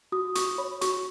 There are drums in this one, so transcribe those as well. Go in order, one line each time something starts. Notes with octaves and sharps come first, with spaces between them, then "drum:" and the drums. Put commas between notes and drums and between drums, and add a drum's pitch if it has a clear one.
F#4 D#6
F#4 C#6, drum: hi-hat
C#5 B5
F#4 C#6, drum: hi-hat